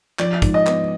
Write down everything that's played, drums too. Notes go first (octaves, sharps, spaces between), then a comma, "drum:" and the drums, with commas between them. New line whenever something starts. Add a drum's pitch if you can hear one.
F3 D5, drum: clap
G#2, drum: kick, hi-hat
D#5
B3, drum: clap